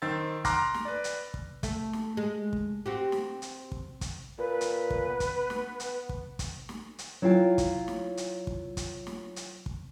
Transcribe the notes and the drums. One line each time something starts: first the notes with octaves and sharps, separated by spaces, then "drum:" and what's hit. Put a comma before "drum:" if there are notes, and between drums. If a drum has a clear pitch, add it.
D#3 C5 E6 A6
A#5 C6 D6 F6 F#6 A#6, drum: kick, hi-hat
drum: snare
B4 D5
drum: hi-hat
drum: kick
A3, drum: kick, hi-hat
drum: snare
G#3
drum: kick
C4 F#4 G4
drum: snare
drum: hi-hat
drum: kick
drum: kick, hi-hat
A#2 B4
drum: hi-hat
drum: kick
B3
drum: kick, hi-hat
drum: snare
drum: hi-hat
drum: kick
drum: kick, hi-hat
drum: snare
drum: hi-hat
F#3 E4 F4 F5 G5
drum: kick, hi-hat
drum: snare
drum: hi-hat
drum: kick
drum: kick, hi-hat
drum: snare
drum: hi-hat
drum: kick